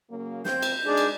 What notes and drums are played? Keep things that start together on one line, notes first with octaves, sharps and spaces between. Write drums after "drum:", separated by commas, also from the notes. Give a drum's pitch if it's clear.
C#3 F#3 A#3
C4 G6, drum: snare
drum: cymbal
G#3 D4 D#4 G#4
drum: cymbal